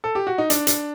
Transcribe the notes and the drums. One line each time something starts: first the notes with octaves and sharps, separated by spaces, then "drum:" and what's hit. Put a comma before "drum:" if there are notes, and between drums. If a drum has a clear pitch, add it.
A4
G4
F#4
D#4
D4, drum: hi-hat
drum: hi-hat